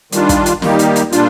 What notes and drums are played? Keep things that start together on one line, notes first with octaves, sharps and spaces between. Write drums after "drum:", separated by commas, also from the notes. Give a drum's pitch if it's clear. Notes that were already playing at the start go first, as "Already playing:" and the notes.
D#3 G3 D4 F4, drum: hi-hat
drum: kick, hi-hat
drum: hi-hat
D#3 G3 A#3 D#4 G4, drum: snare
drum: hi-hat
drum: hi-hat
A#2 G3 D4 F4, drum: hi-hat